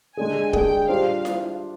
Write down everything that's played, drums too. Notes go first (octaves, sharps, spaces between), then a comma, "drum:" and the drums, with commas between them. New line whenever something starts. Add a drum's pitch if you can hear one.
G#3 D4 G#4 G#5
G#3 D4 G#4 G5, drum: kick
G3 D4 F4 C5 F5
drum: snare E4